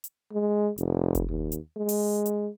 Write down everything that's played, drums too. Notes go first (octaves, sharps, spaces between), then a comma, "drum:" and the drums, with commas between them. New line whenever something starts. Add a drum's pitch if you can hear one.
drum: hi-hat
G#3
F1, drum: hi-hat
drum: kick F#1, hi-hat
D#2
drum: hi-hat
G#3
drum: open hi-hat
drum: hi-hat